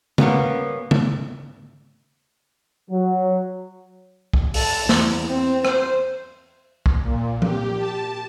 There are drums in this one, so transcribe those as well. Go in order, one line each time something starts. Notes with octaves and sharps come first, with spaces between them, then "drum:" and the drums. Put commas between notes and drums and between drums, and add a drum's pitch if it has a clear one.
G3 A#3 B3 C#4, drum: tom
drum: tom
F#3
drum: kick
A4, drum: open hi-hat
E2, drum: snare
C4
C5, drum: rim click
drum: kick
A#2
G4, drum: tom F3
A5